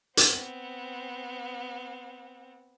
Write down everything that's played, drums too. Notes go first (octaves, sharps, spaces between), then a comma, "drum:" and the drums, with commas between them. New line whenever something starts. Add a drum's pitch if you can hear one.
B3 C4, drum: hi-hat